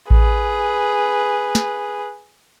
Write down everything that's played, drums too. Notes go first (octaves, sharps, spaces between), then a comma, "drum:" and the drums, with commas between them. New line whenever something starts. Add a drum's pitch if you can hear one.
G#4 B4, drum: kick A1
drum: snare